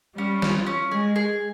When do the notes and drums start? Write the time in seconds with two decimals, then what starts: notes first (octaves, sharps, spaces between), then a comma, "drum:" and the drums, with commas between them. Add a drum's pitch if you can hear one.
0.17 G3 C#4
0.42 F4, drum: snare
0.67 C#4
0.91 G#3 G#4
1.16 G#4